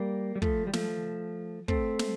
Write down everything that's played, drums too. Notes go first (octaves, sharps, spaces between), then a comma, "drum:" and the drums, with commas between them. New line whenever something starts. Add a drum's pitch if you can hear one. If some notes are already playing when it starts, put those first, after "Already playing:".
Already playing: G3 A#3
G3
F3 A3, drum: kick
G3
F3 A3, drum: snare
A3 C4, drum: kick
drum: snare